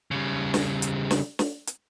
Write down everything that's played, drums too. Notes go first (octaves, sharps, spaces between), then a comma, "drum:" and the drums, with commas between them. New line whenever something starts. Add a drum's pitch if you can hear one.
C#3 G3
drum: snare
drum: hi-hat
drum: snare
drum: snare
drum: hi-hat